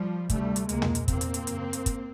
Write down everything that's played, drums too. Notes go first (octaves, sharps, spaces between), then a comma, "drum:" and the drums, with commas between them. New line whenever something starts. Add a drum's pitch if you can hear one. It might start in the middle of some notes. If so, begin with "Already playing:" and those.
Already playing: F3 G3
D2 C3 G3 A3, drum: kick, hi-hat
drum: hi-hat
C#2 C3 G#3 A#3, drum: hi-hat
drum: tom
drum: hi-hat
E2 C3 A#3 C4, drum: kick, hi-hat
drum: hi-hat
drum: hi-hat
F#2 C#3, drum: hi-hat
drum: hi-hat
drum: kick, hi-hat